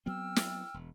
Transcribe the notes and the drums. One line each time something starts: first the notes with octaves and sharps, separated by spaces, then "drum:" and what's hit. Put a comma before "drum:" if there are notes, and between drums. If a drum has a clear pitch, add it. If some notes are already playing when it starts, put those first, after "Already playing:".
F#3 B3 C4 G5 E6 F6
drum: snare
E1